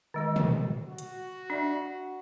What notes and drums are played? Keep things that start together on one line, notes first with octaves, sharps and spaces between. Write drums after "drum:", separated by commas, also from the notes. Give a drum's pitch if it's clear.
D#3 G#3 D#5
drum: tom
F#4
drum: hi-hat
D4 D5 E5